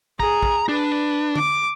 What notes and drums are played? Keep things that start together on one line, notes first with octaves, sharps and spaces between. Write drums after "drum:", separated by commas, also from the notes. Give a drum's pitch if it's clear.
G#4 A#5, drum: kick
drum: kick
D4 B4
D6, drum: tom D3